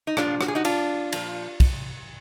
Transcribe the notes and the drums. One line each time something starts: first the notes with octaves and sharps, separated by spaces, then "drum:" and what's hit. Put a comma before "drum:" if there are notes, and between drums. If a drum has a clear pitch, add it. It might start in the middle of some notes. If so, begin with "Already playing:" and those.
D#4
A#2 F3 D4 F4, drum: rim click
F#4, drum: rim click
G#4
D#4 F#4
D4 F4, drum: cymbal
A#2 F3, drum: cymbal
drum: kick, cymbal